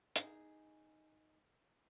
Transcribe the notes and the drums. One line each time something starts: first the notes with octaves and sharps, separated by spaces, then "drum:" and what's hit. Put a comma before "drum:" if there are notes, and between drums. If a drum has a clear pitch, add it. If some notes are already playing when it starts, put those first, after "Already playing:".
D#4 G#4, drum: hi-hat